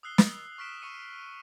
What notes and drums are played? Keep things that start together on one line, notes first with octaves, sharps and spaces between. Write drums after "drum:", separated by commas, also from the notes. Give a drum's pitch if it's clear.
D#6 E6 F#6 C7 G7
D#6, drum: snare
C#6 F6 B6 D7 E7
C#6 D#6 C#7 D#7